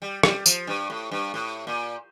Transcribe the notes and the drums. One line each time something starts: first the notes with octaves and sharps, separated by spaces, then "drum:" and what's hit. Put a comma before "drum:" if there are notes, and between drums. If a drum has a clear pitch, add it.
G3
G3, drum: rim click
F3, drum: tambourine
G2
A2
G2
A2
A#2